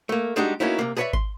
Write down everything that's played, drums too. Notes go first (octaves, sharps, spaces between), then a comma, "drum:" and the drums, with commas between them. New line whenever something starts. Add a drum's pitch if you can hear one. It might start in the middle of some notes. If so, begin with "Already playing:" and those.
A3 A#3
G3 G#3 D4 D#4 F#4 G4
F#3 A#3 B3 C#4 D#4 E4
C3 A#3
G#4 A4 B4 C#5 D5 E5
C6, drum: kick G#1